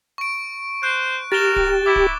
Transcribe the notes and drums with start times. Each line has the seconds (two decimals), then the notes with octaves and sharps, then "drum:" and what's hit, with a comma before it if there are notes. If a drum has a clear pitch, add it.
0.18 C#6 D7
0.83 C5 F#6
1.32 G4 A#4 A6 E7 G7
1.56 drum: kick D1
1.86 E4 D6
1.96 drum: kick D1